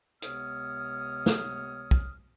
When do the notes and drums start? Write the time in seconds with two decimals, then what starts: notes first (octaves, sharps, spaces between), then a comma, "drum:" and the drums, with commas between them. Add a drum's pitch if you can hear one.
0.22 C#2 C3 B3 C#5 D#6 F6, drum: hi-hat
1.26 drum: snare
1.91 drum: kick